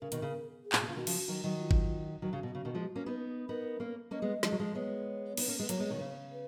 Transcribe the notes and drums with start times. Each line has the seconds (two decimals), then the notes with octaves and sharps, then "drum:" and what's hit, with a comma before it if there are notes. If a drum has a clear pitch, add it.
0.01 C#3 A#4
0.12 B2 D#3, drum: hi-hat
0.22 C#3
0.65 G#4
0.72 A#2, drum: clap
0.81 B2
0.88 C#3 F4
0.96 B2 D#3 F#4
1.07 C#3 F3, drum: cymbal
1.28 D#3 F#3
1.44 D#3 F#3
1.60 F4
1.71 drum: kick G#1
2.22 D#3 F#3 F#4
2.33 C#3
2.43 B2
2.55 C#3
2.65 B2 D#3
2.75 F3 G#3
2.95 A#3 C#4
3.06 B3 D#4
3.49 B3 D#4 A#4
3.80 A#3 C#4
4.11 A#3 C#4 D#5
4.22 G#3 B3
4.43 F3 G#3, drum: snare
4.52 F#3
4.59 F3 G#3
4.75 G#3 B3 C#5
5.37 B3 D#4, drum: cymbal
5.48 A#3 C#4
5.59 G#3 B3
5.69 F#3 A#3 C#5, drum: hi-hat
5.79 G#3 B3
5.90 B2 D#3
6.00 C#3
6.33 B4